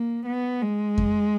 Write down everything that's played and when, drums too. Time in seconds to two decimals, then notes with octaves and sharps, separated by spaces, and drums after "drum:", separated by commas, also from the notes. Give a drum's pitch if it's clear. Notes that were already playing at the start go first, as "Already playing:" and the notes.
Already playing: A#3
0.26 B3
0.62 G#3
0.98 drum: kick F2